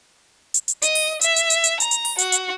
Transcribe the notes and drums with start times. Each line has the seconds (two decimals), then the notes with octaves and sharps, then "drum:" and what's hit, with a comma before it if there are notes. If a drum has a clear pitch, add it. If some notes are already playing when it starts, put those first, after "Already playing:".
0.54 drum: hi-hat
0.68 drum: hi-hat
0.82 D#5, drum: hi-hat
0.95 drum: open hi-hat
1.21 E5, drum: hi-hat
1.36 drum: hi-hat
1.50 drum: hi-hat
1.64 drum: hi-hat
1.80 A#5, drum: hi-hat
1.91 drum: hi-hat
2.05 drum: open hi-hat
2.18 F#4, drum: hi-hat
2.32 drum: hi-hat